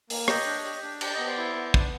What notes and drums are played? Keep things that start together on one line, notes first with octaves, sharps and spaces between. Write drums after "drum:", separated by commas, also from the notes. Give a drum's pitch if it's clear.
A#3, drum: open hi-hat
G4 C#5 D#5, drum: rim click
D4
G4
D4
G4 D5, drum: cymbal
D#5
B3
C5 D5
E4
B3
D4, drum: kick